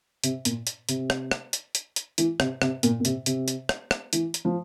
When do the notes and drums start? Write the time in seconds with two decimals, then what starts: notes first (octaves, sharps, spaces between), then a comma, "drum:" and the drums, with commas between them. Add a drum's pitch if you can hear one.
0.24 C3, drum: hi-hat
0.45 A#2, drum: hi-hat
0.67 drum: hi-hat
0.89 C3, drum: hi-hat
1.10 drum: rim click
1.31 drum: rim click
1.53 drum: hi-hat
1.75 drum: hi-hat
1.96 drum: hi-hat
2.18 E3, drum: hi-hat
2.40 C3, drum: rim click
2.62 C3, drum: rim click
2.83 A#2, drum: hi-hat
3.00 A#2
3.05 C3, drum: hi-hat
3.26 C3, drum: hi-hat
3.48 drum: hi-hat
3.69 drum: rim click
3.91 drum: rim click
4.13 E3, drum: hi-hat
4.34 drum: hi-hat
4.45 F3